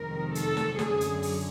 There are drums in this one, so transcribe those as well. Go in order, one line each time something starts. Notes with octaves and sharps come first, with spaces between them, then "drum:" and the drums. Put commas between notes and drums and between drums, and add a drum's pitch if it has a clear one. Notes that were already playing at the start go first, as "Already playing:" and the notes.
Already playing: F2 C3 D#3 G#3 A#4
A4, drum: hi-hat
drum: snare
F#2 D3 F#3 G#4, drum: snare
drum: hi-hat
drum: open hi-hat